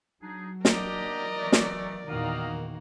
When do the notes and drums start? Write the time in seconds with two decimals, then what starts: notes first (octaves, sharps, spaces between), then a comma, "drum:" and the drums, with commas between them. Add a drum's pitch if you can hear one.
0.22 F#3 D4 D#4 G#4
0.65 A#3 D4 G4 A#4 D5 D#5 A#5, drum: snare
1.39 E3 A3
1.52 drum: snare
2.08 E2 A#2 D#3 A#3 F#4 F5 A#5 D#6